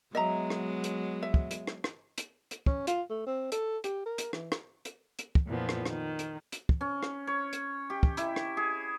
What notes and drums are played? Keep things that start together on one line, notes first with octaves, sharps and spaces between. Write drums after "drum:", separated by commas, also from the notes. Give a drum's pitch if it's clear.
F#3 G#3 B3 D#5 E5 A#5
drum: rim click
drum: hi-hat
E5
drum: kick
drum: hi-hat
drum: rim click
drum: rim click
drum: hi-hat
drum: hi-hat
C#4, drum: kick
F4, drum: hi-hat
A3
C4
A4, drum: hi-hat
G4, drum: hi-hat
A#4
drum: hi-hat
E3, drum: rim click
drum: rim click
drum: hi-hat
drum: hi-hat
drum: kick
F2 A#2 E3 F3 B3
drum: rim click
D#3, drum: rim click
drum: hi-hat
drum: hi-hat
drum: kick
C#4
drum: rim click
C#5
drum: hi-hat
G4
drum: kick
E4, drum: hi-hat
drum: rim click
G#4